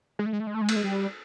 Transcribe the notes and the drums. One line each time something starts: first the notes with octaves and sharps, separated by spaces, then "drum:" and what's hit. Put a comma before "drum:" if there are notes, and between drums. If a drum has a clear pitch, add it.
G#3
A3
G#3
A3
G#3
A3
G#3
A3, drum: cymbal
G#3
G3